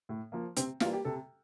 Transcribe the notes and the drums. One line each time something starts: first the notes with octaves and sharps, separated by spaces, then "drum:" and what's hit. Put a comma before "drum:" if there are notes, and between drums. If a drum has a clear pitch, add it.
A2
F3 A#3
C3 C4, drum: hi-hat
E3 G3 A#3 F4, drum: snare
G4
C3 A4